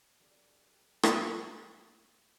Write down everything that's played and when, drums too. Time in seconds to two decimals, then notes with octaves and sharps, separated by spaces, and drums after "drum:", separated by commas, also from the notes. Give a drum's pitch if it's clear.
0.20 D#1 F#3 B3 D4 G4 G#4 D5 G5
1.03 drum: rim click